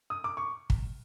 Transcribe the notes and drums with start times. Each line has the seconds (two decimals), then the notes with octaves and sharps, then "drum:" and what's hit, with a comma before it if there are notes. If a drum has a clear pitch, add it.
0.10 D#6
0.24 D6
0.37 C#6
0.70 drum: kick